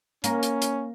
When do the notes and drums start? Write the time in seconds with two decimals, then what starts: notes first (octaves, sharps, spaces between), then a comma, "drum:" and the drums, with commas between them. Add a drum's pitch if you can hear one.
0.24 A#3 C#4, drum: hi-hat
0.43 drum: hi-hat
0.62 drum: hi-hat